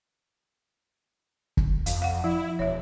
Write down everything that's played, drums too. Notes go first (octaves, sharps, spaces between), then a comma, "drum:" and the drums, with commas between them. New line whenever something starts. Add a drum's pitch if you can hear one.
drum: kick
F2 F5, drum: hi-hat
F5 F#5
F3 E4
E1 C#5 E5